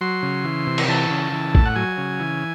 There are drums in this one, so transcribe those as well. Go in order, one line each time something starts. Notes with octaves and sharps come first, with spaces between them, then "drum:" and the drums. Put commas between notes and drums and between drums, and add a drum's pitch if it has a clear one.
F#3 C6
C#3
E3
C3
drum: cymbal
E3 A5
C#3
E3
A2, drum: kick
F#5
F#3 G#5
C#3
E3